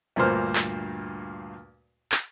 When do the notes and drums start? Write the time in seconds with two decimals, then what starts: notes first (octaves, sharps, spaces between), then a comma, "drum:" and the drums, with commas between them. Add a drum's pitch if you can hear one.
0.16 D2 G2 A#2 A#3 C5 F6
0.55 drum: clap
2.12 drum: clap